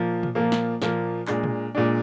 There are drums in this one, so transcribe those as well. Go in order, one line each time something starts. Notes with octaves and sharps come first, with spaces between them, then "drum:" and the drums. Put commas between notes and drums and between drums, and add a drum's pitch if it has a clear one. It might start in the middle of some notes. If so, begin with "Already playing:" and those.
Already playing: A#2 F3 A#3
drum: tom A#2
A#2 F3 A#3
drum: snare
A#2 F3 A#3, drum: snare
A#2 G#3 D4, drum: clap
drum: tom A#2
A#2 G#3 D4